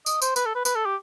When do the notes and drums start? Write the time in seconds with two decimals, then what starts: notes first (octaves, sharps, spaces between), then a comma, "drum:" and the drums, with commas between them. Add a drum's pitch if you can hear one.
0.06 D#5, drum: tambourine
0.22 C5, drum: tambourine
0.36 B4, drum: tambourine
0.46 A4
0.55 B4
0.65 B4, drum: tambourine
0.76 A4
0.86 G4